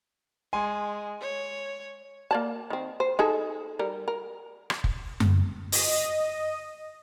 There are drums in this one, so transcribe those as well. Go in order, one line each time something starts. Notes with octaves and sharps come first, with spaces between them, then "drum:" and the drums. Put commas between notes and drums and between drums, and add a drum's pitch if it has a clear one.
G#3 G#5 C6
C#5
A#3 D5 A5
D#3 C4
C5
D#4 G#4 A4
G3 A#4
A#4
drum: rim click
drum: kick
drum: tom F#2
D#5, drum: open hi-hat